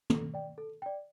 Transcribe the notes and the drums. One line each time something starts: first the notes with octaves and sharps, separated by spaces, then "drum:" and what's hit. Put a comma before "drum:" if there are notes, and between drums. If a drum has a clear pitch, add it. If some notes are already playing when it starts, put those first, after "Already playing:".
A4, drum: tom
D5 G5
A4
D5 G5